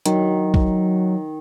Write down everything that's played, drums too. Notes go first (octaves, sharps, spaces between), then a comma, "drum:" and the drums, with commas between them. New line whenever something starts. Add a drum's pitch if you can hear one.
D#3 F#3, drum: hi-hat
drum: kick